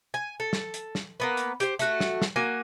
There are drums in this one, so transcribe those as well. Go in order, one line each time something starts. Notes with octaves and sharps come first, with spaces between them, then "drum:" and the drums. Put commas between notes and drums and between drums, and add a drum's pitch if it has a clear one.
G#5
A4
drum: snare
drum: hi-hat
drum: snare
A#3 B3 B4
drum: hi-hat
G4 C5, drum: hi-hat
A3 F#4, drum: hi-hat
drum: snare
drum: snare
A#3 F#4 G#5